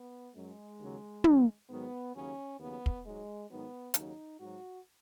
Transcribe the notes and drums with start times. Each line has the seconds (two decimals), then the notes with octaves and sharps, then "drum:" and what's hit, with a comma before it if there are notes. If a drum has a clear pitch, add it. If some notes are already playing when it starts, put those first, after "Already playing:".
Already playing: B3
0.34 F#2 F#3 G#3
0.79 D#2 C#3 F#3
1.24 F#2 D#3 F#3, drum: tom
1.69 G#2 D#3 F#3 B3
2.14 D#2 C#3 F#3 C#4
2.59 D#2 C#3 F#3 B3
2.86 drum: kick
3.04 G#2 F#3 G#3
3.50 G#2 D#3 F#3 B3
3.94 D#2 C#3 F#3 D#4, drum: hi-hat
4.40 G#2 F#3 F#4